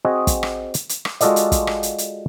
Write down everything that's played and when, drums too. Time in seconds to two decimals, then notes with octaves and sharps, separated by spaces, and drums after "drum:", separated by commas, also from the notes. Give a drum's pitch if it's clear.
0.05 C4 F#4 G#4 D#5
0.27 drum: kick, hi-hat
0.43 drum: rim click
0.74 drum: hi-hat
0.89 drum: hi-hat
1.05 drum: rim click
1.21 G#3 F4 F#4 A4 D5 D#5, drum: hi-hat
1.36 drum: hi-hat
1.52 drum: kick, hi-hat
1.67 drum: rim click
1.83 drum: hi-hat
1.98 drum: hi-hat